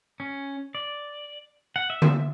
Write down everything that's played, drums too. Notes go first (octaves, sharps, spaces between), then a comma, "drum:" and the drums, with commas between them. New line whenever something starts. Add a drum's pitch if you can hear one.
C#4
D5
F#5
E5
drum: tom D3